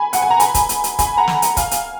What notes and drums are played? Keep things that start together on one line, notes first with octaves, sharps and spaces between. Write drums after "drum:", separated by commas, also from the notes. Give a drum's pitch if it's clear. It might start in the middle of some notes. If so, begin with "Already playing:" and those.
Already playing: G#5 B5
F#5, drum: hi-hat
G#5
A#5
G#5 B5, drum: hi-hat
drum: kick, hi-hat
drum: hi-hat
drum: hi-hat
G#5 B5, drum: kick, hi-hat
F#5 A#5
drum: snare
drum: hi-hat
F5 G#5, drum: kick, hi-hat
drum: hi-hat